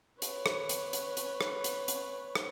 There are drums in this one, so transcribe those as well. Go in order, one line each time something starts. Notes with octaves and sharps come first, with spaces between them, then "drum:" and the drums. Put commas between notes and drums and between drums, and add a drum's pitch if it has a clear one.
B4 C#5, drum: hi-hat
drum: rim click
drum: hi-hat
drum: hi-hat
drum: hi-hat
drum: rim click
drum: hi-hat
drum: hi-hat
drum: rim click